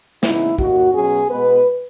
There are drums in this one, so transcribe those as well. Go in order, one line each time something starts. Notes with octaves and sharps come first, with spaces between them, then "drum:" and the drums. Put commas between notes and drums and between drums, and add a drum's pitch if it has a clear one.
C#3 E3 B3 D#4 E4, drum: snare
D#2 D#3 A#3 F#4, drum: kick
B2 F#3 C#4 G#4
B2 G#3 B3 B4